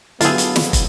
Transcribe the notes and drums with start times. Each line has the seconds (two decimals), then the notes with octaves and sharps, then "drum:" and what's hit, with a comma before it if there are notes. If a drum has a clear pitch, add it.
0.21 D3 F#3 A3 B3 E4 F4 G#4 A4, drum: hi-hat
0.38 drum: hi-hat
0.56 drum: snare
0.73 drum: kick, hi-hat